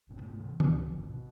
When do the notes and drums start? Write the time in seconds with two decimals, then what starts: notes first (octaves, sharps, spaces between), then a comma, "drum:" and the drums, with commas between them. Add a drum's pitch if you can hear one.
0.09 G1 A#2 C#3
0.21 G#2 A3 B3
0.39 C3 E3 F#3
0.60 C#2 F3, drum: tom D#3
0.87 D1 G#1 D3 C4
1.10 B2